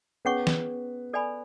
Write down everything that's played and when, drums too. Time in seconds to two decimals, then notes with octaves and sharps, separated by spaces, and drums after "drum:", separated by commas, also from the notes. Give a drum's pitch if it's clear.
0.25 B3 C#4 G#4 C#5 F#5 C#6
0.47 drum: snare
1.13 A4 D5 G#5 B5